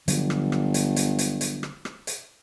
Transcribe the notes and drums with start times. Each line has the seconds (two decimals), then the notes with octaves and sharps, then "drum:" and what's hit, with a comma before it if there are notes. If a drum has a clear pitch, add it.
0.08 G1 D3 F3 F#3, drum: hi-hat
0.30 drum: rim click
0.52 drum: rim click
0.74 drum: hi-hat
0.96 drum: hi-hat
1.19 drum: hi-hat
1.41 drum: hi-hat
1.63 drum: rim click
1.85 drum: rim click
2.07 drum: hi-hat